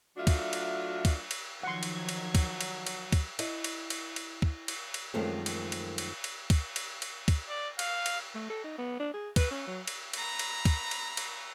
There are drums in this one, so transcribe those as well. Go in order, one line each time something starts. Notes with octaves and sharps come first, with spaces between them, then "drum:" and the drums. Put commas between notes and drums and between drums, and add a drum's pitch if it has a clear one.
F#3 A3 D4 F4 F#4 E5
drum: kick, cymbal
drum: cymbal
drum: kick, cymbal
drum: cymbal
D#3 F3 F#3 F#5 C6 G#6
drum: cymbal
drum: cymbal
drum: kick, cymbal
drum: cymbal
drum: cymbal
drum: kick, cymbal
E4 D#5, drum: cymbal
drum: cymbal
drum: cymbal
drum: cymbal
drum: kick
drum: cymbal
drum: cymbal
F#2 D#3 F3 G#3 A3 C4
drum: cymbal
drum: cymbal
drum: cymbal
drum: cymbal
drum: kick, cymbal
drum: cymbal
drum: cymbal
drum: kick, cymbal
D5
F5, drum: cymbal
drum: cymbal
A3
A4
D#4
B3
D4
G#4
B4, drum: kick, cymbal
C#4
F#3
drum: cymbal
A#5 B5, drum: cymbal
drum: cymbal
drum: kick, cymbal
drum: cymbal
drum: cymbal